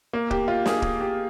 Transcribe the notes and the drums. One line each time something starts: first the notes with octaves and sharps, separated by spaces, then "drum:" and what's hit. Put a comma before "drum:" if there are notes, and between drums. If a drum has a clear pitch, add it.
A#3
G4, drum: kick
F4
G#4, drum: snare
G#4, drum: kick
G4